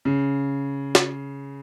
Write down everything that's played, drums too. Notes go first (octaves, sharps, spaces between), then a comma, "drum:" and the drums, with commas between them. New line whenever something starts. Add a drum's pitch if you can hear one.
C#3
drum: snare